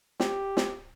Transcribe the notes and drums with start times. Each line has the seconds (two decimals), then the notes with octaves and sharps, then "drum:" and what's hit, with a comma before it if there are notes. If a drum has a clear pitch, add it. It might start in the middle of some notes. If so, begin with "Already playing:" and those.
0.20 G4, drum: snare
0.57 drum: snare